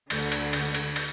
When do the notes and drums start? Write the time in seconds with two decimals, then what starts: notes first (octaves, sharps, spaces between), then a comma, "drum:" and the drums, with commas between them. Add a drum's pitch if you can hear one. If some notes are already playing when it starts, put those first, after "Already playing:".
0.10 D2 D3, drum: cymbal
0.32 drum: cymbal
0.53 drum: cymbal
0.74 drum: cymbal
0.96 drum: cymbal